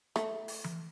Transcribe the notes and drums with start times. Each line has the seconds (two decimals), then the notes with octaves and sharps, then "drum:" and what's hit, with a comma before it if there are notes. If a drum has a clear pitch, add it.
0.16 A3, drum: rim click
0.48 drum: open hi-hat
0.64 drum: tom E3